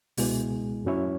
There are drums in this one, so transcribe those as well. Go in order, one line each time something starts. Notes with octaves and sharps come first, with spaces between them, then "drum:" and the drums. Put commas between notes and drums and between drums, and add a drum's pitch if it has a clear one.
C#2 B2 G#3 E4 G#4, drum: open hi-hat
F#2 F#3 C#4 E4 C#5